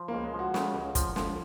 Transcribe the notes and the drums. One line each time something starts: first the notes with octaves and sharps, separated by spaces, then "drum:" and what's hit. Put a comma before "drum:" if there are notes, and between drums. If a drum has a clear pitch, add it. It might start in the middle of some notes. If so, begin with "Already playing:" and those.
Already playing: F3
C#2 A#3
G#3
F3
F#4
C#3, drum: snare
C#2
F3, drum: kick, hi-hat
F3, drum: snare